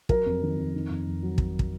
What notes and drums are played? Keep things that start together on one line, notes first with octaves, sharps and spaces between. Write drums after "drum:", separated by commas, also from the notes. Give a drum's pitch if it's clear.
F#3 A#4, drum: kick
F2
D#3
F2
D#3
F2
F2
F#3
drum: kick
drum: kick